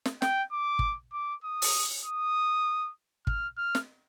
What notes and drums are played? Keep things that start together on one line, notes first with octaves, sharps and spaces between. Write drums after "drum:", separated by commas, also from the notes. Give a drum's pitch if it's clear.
drum: snare
G5, drum: snare
D6
drum: kick
D6
D#6
drum: open hi-hat
D#6
F6, drum: kick
F6
drum: snare